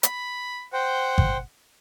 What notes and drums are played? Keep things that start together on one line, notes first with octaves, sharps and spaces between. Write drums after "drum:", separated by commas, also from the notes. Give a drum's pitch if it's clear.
B5, drum: hi-hat
C5 F#5 G5
drum: kick G#1